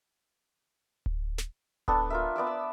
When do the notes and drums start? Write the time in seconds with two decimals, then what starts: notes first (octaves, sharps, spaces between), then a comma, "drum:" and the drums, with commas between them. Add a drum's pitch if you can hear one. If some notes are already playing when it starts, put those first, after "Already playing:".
1.06 drum: kick D1
1.38 drum: snare
1.88 B3 D4 A4, drum: kick D1
2.10 F4 A#4 E5
2.36 B3 D5 D6 E6
2.47 E6